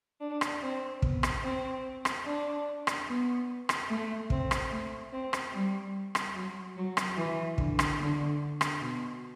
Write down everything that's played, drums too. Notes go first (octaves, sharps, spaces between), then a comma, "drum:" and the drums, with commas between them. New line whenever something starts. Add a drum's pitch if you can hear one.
D4
drum: rim click
C4
B3, drum: kick
drum: rim click
C4
drum: rim click
D4
drum: rim click
B3
drum: rim click
A3
C4, drum: kick
drum: rim click
A3
C4
drum: rim click
G3
drum: rim click
F#3
F#3
drum: rim click
E3
D3, drum: kick
drum: rim click
D3
drum: rim click
B2